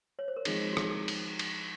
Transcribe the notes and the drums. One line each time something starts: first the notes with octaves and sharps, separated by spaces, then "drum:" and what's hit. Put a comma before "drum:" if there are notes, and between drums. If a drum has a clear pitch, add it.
C#5
C5
A#4
F3 G#3 C4 D#4 G#4, drum: cymbal
F#4
G#4, drum: rim click
drum: cymbal
drum: cymbal